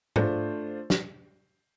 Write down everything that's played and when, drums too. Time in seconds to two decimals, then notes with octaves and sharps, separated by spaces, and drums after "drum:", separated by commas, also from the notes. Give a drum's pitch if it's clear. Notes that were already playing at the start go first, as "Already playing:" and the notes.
0.16 A3 D4 F4 C5, drum: tom G#2
0.90 drum: snare